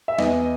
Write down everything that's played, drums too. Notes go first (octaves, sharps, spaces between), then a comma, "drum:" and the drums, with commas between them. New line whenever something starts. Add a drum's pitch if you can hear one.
E5
E2 D#5, drum: snare